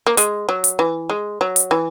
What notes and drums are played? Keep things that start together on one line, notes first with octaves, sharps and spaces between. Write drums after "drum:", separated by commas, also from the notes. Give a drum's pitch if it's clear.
A#3
G#3, drum: hi-hat
F#3
drum: hi-hat
E3
G#3
F#3
drum: hi-hat
E3